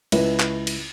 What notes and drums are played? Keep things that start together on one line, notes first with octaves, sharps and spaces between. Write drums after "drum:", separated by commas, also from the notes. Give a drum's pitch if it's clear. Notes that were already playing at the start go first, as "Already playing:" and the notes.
C#2 E4 B4, drum: cymbal
drum: clap
drum: cymbal